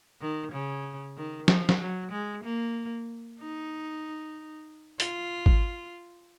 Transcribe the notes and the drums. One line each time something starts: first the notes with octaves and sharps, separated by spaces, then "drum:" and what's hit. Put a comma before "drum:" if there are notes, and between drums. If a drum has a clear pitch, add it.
D#3
C#3
D#3
F3, drum: snare
drum: snare
F#3
G#3
A#3
D#4
F4, drum: hi-hat
drum: kick G#1